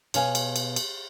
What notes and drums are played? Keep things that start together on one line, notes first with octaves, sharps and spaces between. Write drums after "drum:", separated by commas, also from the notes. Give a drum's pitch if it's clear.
B2 C#5 F5 G#5, drum: cymbal
drum: cymbal
drum: cymbal
drum: cymbal